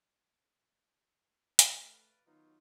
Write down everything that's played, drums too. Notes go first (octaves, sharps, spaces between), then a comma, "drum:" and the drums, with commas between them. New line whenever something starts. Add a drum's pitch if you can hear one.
A3 B4 D5 F5, drum: hi-hat
D#3 F#3 B3 D#4 F4